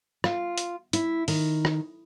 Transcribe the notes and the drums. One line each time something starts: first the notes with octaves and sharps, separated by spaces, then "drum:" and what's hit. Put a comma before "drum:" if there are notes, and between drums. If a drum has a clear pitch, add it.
F4, drum: rim click
drum: hi-hat
E4, drum: hi-hat
D#3, drum: open hi-hat
drum: rim click